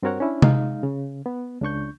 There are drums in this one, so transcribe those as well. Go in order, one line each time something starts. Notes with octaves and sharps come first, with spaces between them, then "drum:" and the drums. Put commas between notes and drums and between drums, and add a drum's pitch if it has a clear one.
G2 C4 F#4 A#4 C#5 F#5
C#4 D4 E4
G#3 D#4 F5, drum: tom C3
C#3
B3
C#2 C#3 D4 C#6 G6